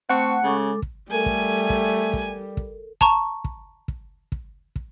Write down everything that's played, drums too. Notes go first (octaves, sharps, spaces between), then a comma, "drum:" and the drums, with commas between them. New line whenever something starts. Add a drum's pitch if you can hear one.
A3 C4 F#5 A5 C#6
C#3 G#3 A4 D6
drum: kick
G3 A3 A4 A#4 G#5
drum: kick
drum: kick
drum: kick
drum: kick
A5 A#5 C#6, drum: kick
drum: kick
drum: kick
drum: kick
drum: kick